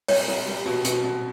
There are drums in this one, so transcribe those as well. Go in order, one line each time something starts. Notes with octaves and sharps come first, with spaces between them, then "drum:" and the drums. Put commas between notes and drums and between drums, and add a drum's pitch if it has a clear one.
C2 C#5, drum: open hi-hat
C2
G3
B2
B2, drum: hi-hat
B2